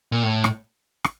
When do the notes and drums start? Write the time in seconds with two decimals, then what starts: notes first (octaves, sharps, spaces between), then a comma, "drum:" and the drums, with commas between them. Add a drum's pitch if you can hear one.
0.12 A#2
0.23 A2
0.44 drum: rim click
1.04 drum: rim click